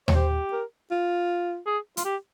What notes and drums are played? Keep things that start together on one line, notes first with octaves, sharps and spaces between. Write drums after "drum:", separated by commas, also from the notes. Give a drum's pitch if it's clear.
C#5, drum: tom D#2
G4 C5
A#4
F4
G#4
F4, drum: hi-hat
G4